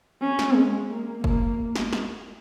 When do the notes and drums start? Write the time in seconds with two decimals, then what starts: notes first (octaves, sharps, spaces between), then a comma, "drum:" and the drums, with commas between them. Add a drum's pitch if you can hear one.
0.22 C#4
0.39 drum: snare
0.56 G#3
0.90 A#3
1.24 A#3, drum: kick
1.76 drum: snare
1.93 drum: snare